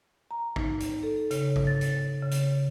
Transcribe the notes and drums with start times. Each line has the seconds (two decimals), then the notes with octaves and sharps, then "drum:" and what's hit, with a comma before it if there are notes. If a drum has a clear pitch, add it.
0.31 A#5
0.56 D#4, drum: kick
0.80 drum: hi-hat
1.03 A4
1.31 C#3, drum: hi-hat
1.56 drum: kick
1.67 A6
1.81 drum: hi-hat
2.22 C#3
2.31 drum: hi-hat